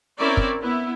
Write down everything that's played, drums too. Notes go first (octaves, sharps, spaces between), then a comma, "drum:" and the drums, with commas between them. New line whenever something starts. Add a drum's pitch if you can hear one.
C4 C#4 E4 A#4 C#5 D5
drum: kick
B3 E4